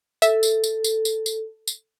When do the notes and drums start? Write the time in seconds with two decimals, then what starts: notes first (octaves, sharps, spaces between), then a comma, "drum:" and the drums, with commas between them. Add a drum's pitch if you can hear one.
0.22 A4 E5, drum: tambourine
0.43 drum: tambourine
0.64 drum: tambourine
0.84 drum: tambourine
1.05 drum: tambourine
1.26 drum: tambourine
1.67 drum: tambourine